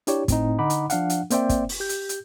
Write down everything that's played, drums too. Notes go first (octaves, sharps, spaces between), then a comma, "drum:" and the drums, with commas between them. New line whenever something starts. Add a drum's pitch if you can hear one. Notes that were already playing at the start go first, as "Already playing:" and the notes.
D4 E4 G4 C#5 D5, drum: hi-hat
A2 C4 D#4, drum: kick, hi-hat
D3 D#4 F#5 B5 D6
drum: hi-hat
F3 D4 F5 F#5, drum: hi-hat
drum: hi-hat
A#3 C4 C5 D5 E5 G5, drum: hi-hat
drum: kick, hi-hat
drum: open hi-hat
G4 G6
drum: hi-hat
drum: hi-hat